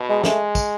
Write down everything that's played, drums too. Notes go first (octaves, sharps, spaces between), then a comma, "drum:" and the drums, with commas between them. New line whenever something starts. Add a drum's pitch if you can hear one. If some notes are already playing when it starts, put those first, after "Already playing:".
Already playing: B2
G#3
G#3 A3, drum: snare
drum: kick, tambourine